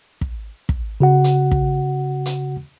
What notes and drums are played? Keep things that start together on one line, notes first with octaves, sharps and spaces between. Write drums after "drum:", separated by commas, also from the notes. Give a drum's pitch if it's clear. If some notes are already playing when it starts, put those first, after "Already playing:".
drum: kick
drum: kick
C#3 F#4 F#5
drum: hi-hat
drum: kick
drum: hi-hat